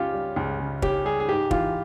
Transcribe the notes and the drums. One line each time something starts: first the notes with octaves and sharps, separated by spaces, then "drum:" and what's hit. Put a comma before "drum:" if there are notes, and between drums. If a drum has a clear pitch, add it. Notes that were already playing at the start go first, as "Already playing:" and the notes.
Already playing: C#2 C#3 C#4 F4 G4 C#5
G3
C#2
C#3
C#4 G4, drum: kick
G3 G#4
G#4
G#2 G4
E3 F4, drum: kick